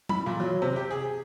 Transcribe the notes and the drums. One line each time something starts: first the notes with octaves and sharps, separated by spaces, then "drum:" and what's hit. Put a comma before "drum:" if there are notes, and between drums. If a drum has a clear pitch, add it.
B5, drum: tom F#3
A#2
F#3
C3
G4
G#4